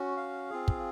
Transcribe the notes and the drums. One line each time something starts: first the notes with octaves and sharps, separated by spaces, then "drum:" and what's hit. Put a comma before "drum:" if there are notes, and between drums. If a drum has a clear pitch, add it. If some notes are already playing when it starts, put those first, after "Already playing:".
Already playing: C#4 F#4
F5
C4 F4 G#4
drum: kick